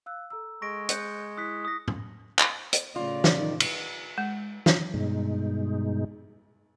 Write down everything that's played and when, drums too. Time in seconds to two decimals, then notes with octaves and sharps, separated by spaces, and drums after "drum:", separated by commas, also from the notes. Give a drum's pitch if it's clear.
0.06 F5 E6 F#6
0.30 A4 A#5 E6
0.62 G#3 C#6 A#6 D7
0.89 F#6 G6 C#7, drum: hi-hat
1.37 E4 D#6 F#6 B6
1.65 D#6 A#6
1.88 drum: tom
2.39 drum: clap
2.73 drum: hi-hat
2.96 A2 C#3 F4 D5
3.24 drum: snare
3.35 D#3
3.60 drum: cymbal
4.18 G#3
4.66 drum: snare
4.94 G2 B2 G#3 D#4